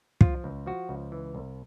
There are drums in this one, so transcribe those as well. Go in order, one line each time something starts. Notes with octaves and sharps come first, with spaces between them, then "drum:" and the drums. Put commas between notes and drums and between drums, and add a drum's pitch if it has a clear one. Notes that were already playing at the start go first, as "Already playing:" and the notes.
F3 F4, drum: kick
C#2
F3 F#4
C#2
E3
C2